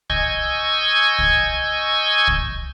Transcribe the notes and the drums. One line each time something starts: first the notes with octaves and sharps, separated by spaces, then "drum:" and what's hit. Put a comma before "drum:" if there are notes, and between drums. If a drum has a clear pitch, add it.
D#5 G#5 C#6 E6 G6 G#6, drum: kick
drum: kick
drum: kick